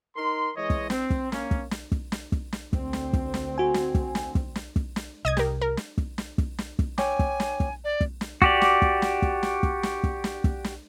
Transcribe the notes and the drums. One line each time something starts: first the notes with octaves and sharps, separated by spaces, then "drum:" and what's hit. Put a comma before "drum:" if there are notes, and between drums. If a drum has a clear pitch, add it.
D#4 A#4 C6
E3 G#3 C#5 D#5
drum: kick
C4, drum: snare
drum: kick
A#3 C#4, drum: snare
drum: kick
drum: snare
drum: kick
drum: snare
drum: kick
drum: snare
D2 C4, drum: kick
drum: snare
drum: kick
drum: snare
F#4 G#5
drum: snare
drum: kick
drum: snare
drum: kick
drum: snare
drum: kick
drum: snare
C2 D#5 D#6 G#6
G4 A#4, drum: snare
A#4
drum: snare
drum: kick
drum: snare
drum: kick
drum: snare
drum: kick
C#5 G5 G#5 D6, drum: snare
drum: kick
drum: snare
drum: kick
D5
drum: kick
drum: snare
F#4 G4 D5, drum: kick
drum: snare
drum: kick
drum: snare
drum: kick
drum: snare
drum: kick
drum: snare
drum: kick
drum: snare
drum: kick
drum: snare